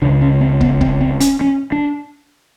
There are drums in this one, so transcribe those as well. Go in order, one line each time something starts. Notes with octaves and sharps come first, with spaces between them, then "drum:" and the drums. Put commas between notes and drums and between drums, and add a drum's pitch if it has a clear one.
C#2 C#3 D4
C#4
C4
B3, drum: kick
C4, drum: kick
C4
C#4, drum: hi-hat
C#4
D4